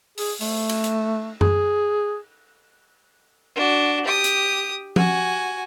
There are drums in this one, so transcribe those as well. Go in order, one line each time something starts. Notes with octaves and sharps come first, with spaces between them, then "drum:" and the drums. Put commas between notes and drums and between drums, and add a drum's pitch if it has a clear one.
G#4, drum: open hi-hat
A3, drum: open hi-hat
drum: cymbal
drum: hi-hat
G#4, drum: tom F#2
D4 F#4
G4 D#6
drum: hi-hat
F#4 G#5, drum: tom F3